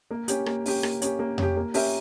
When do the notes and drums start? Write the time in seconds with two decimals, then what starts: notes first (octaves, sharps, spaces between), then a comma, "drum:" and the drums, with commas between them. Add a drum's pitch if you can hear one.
0.11 A#3
0.28 C#4 G4, drum: hi-hat
0.46 A#3, drum: rim click
0.66 C#4 G4, drum: open hi-hat
0.83 A#3, drum: rim click
1.02 C#4 G4, drum: hi-hat
1.19 A#3
1.38 C#4 G4, drum: tom F2
1.57 A#3
1.74 C#4 G4 A#4 E5, drum: open hi-hat